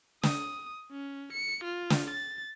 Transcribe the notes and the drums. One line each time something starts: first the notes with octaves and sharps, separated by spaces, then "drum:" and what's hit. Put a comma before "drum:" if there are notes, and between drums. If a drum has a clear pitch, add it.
D#6, drum: snare
C#4
C#7
F4
drum: snare
A6